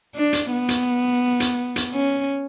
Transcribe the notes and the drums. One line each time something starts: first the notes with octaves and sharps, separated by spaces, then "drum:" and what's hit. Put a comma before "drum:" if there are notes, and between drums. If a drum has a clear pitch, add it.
D4
drum: hi-hat
B3
drum: hi-hat
drum: hi-hat
drum: hi-hat
C#4